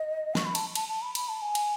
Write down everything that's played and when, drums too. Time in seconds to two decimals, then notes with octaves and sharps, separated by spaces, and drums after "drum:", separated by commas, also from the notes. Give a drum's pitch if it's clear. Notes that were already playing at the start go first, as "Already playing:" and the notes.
Already playing: D#5
0.35 C#6, drum: snare
0.45 B5
0.55 A5, drum: cymbal
0.75 A5, drum: cymbal
0.88 A5
1.02 B5
1.15 B5, drum: cymbal
1.29 A5
1.42 G#5
1.55 drum: cymbal